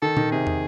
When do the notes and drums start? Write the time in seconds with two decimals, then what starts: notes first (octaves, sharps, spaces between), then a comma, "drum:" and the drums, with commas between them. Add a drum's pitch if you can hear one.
0.02 D#3 A4
0.17 D#3, drum: tom A#2
0.32 C3 G#4
0.47 drum: tom